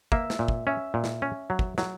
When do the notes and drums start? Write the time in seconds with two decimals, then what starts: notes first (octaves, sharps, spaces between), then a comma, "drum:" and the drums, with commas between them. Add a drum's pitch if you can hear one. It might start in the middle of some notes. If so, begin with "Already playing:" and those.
0.12 A#3 E5, drum: kick
0.30 drum: snare
0.39 A#2
0.48 drum: kick
0.67 C#4 E5
0.94 A#2
1.04 drum: snare
1.22 C#4
1.50 F#3
1.59 drum: kick
1.78 F#3, drum: snare